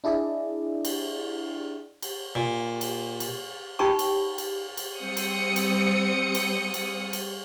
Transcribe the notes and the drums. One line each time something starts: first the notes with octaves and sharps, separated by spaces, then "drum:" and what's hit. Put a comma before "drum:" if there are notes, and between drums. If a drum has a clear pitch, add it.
D4 E4 G#4 D5 D#5
drum: cymbal
drum: cymbal
A#2
drum: cymbal
drum: cymbal
D#4 G4 G5 B5 C#6
drum: cymbal
drum: cymbal
drum: cymbal
G3 C4 D#6 C#7
drum: cymbal
drum: cymbal
drum: cymbal
drum: cymbal
drum: cymbal